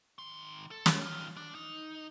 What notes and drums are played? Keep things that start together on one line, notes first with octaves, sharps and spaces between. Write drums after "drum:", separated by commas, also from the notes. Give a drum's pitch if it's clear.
D#3 C6
A4
drum: snare
D#3 F4
D4
D#4